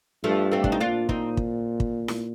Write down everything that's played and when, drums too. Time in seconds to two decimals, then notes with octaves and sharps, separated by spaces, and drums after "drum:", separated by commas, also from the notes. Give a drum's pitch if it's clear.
0.24 G2 F3 A3
0.52 A3 C4
0.64 D4, drum: kick
0.72 D#4
0.80 A#2 D4 F4
1.09 C4 D#4, drum: kick
1.37 drum: kick
1.80 drum: kick
2.08 drum: snare E4